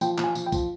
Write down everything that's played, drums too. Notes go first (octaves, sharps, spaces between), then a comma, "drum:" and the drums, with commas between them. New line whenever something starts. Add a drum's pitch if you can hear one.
F3 G5, drum: tambourine
F3, drum: clap
G#5
F3, drum: tambourine
G5
F3, drum: kick B1, tambourine